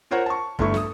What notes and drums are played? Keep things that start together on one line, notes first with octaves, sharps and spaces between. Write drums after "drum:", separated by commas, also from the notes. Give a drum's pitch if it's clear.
F4 A#4 C5 C#5 F#5
A5 C#6
G1 A3 E4 C#6, drum: kick
A4 D#6, drum: snare